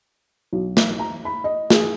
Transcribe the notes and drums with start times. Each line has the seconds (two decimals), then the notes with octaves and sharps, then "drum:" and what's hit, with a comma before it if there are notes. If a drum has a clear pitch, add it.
0.53 B1
0.77 drum: snare
0.99 A#5
1.25 B5
1.44 D#5
1.70 G#4, drum: snare